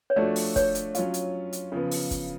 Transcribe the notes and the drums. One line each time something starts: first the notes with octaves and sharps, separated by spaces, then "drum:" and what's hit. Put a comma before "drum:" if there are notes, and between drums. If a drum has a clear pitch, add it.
C#5
F3 A3 D4 F#4 A4 D5
drum: open hi-hat
C#5, drum: kick, hi-hat
drum: hi-hat
F#3 C#4 F4, drum: hi-hat
drum: hi-hat
drum: hi-hat
C#3 F3 B3
drum: open hi-hat
drum: kick, hi-hat